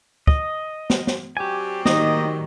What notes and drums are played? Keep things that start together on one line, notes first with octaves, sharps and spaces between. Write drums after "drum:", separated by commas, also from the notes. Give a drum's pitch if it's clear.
D#5, drum: kick
drum: snare
drum: snare
F#3 C4 G4 D5 G#5
A2 D#3 G3 A#3 D#4 D#5, drum: snare